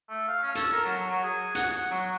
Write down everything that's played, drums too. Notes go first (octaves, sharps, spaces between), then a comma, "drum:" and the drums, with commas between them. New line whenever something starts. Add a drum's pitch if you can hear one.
A3
F5
C#4
A4, drum: hi-hat
A#4
F#3
F#3
G#4
F#5, drum: hi-hat
F#5
F#3